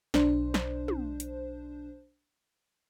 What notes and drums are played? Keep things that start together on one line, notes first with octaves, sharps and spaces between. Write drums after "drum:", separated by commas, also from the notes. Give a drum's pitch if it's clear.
B1 D4 C5, drum: snare
drum: snare
drum: tom
drum: hi-hat